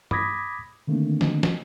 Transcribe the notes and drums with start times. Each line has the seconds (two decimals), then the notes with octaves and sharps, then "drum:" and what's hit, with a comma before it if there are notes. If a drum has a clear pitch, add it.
0.11 B5 D6 D#6 G#6 A#6 B6, drum: tom
0.87 D3 D#3 A3 A#3 C4 D4
1.21 drum: snare
1.43 drum: snare